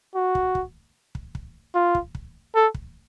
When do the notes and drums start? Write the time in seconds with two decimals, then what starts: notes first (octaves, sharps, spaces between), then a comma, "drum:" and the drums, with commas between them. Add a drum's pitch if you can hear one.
0.15 F#4
0.35 drum: kick
0.55 drum: kick
1.15 drum: kick
1.35 drum: kick
1.75 F4
1.95 drum: kick
2.15 drum: kick
2.55 A4
2.74 drum: kick